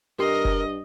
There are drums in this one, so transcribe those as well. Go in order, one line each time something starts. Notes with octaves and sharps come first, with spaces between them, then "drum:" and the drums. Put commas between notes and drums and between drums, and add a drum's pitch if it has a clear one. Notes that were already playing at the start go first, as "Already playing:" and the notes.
G2 G4 A#4 D#5 C6
drum: kick F1